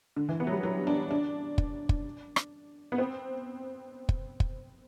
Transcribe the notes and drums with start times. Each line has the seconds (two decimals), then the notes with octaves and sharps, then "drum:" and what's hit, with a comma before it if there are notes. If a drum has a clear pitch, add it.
0.16 D3
0.29 E3
0.40 B3
0.47 F#3
0.52 G3
0.63 F#3
0.87 D4
1.11 D4
1.58 drum: kick
1.89 drum: kick
2.36 drum: rim click
2.92 B3
2.98 C4
4.09 drum: kick
4.40 drum: kick